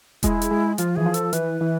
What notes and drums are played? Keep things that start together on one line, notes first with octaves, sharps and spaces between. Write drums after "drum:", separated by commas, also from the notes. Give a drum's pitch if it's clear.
G#3 E4 F4, drum: kick E1, hi-hat
drum: hi-hat
G#3
F3 F4, drum: hi-hat
E3 G#4
F3
A4, drum: hi-hat
E3 B4, drum: hi-hat
E3